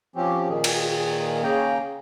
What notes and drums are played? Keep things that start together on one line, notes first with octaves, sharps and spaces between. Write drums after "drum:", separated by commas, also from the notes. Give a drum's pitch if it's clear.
F3 C4 C#4 G4
A#2 D#3 G#4
drum: cymbal
C#3 A#3 C#4 G#4 G5 A#5